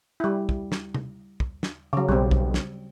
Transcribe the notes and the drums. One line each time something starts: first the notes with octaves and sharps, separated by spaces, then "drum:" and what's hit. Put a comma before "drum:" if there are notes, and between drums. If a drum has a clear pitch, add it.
G3 E4
drum: kick
drum: snare
drum: tom C3
drum: kick
drum: snare
C#3 F#3
B1 G3 C4
drum: kick
drum: snare